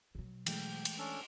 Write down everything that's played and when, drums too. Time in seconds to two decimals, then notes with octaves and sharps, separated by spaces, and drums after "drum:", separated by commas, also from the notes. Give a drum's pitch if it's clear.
0.15 B2 F#3
0.46 E3 G#3 A3 G5, drum: cymbal
0.85 drum: cymbal
0.98 C#4 D4 A4